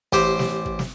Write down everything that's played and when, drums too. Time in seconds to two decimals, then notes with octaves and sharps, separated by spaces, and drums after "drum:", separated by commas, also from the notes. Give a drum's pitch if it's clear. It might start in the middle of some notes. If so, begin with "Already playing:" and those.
0.13 A1 G4 C5, drum: kick
0.39 drum: snare
0.66 drum: kick
0.79 drum: snare